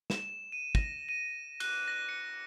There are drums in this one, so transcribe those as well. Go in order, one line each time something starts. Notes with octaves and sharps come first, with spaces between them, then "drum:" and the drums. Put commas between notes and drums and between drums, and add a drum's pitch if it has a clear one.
E7, drum: snare
D#7
A#6, drum: kick
D#7
F#6, drum: cymbal
A#6
C#7